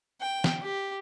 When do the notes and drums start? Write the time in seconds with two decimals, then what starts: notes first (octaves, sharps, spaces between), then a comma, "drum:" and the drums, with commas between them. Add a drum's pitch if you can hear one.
0.22 G5
0.44 drum: snare
0.62 G4